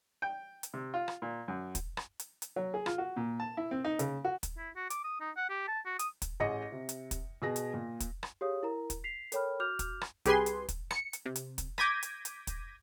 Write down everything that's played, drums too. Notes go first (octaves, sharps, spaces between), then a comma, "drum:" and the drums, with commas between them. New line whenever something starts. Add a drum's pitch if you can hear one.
G5
drum: hi-hat
C3
F4
drum: rim click
A#2
F#2
drum: kick, hi-hat
drum: rim click
drum: hi-hat
drum: hi-hat
F#3
G#4
F4, drum: rim click
F#4
A#2
A5
E4
C4
D#4
C#3, drum: hi-hat
F#4
drum: kick, hi-hat
E4
F#4
D6, drum: hi-hat
D#6
D#4
F#5
G4
A5
F#4
D#6, drum: hi-hat
drum: kick, hi-hat
A1 G#4 D#5 A#6 C#7
C3
drum: hi-hat
drum: kick, hi-hat
B2 G#4 A#6
drum: hi-hat
A#2
drum: kick, hi-hat
drum: rim click
G4 G#4 C#5 F5 D#6
E4 A#4 A#5
drum: kick, hi-hat
B6 C7 F7
A4 A#4 C#5 G5 B5 F6, drum: hi-hat
F#4 D6 F6 G6 F7
drum: kick, hi-hat
drum: rim click
C2 G4 G#4 B4 G#5 C6, drum: hi-hat
drum: hi-hat
drum: kick, hi-hat
C#7, drum: rim click
drum: hi-hat
C3
drum: hi-hat
drum: kick, hi-hat
D6 G6 G#6 A#6 B6 D#7, drum: rim click
drum: hi-hat
drum: hi-hat
drum: kick, hi-hat